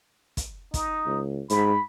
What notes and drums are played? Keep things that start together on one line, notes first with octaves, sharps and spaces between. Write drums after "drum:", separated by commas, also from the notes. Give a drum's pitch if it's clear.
drum: kick, hi-hat
D#4, drum: kick, hi-hat
C#2
G#2 B5, drum: hi-hat